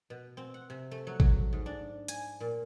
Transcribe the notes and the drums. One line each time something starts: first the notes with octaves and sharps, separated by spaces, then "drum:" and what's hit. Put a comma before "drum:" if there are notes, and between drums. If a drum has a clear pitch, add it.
B2
C4
F#5
C3
A3
F#3
F#3, drum: kick G#1
G#2
D4
G#5, drum: hi-hat
A#2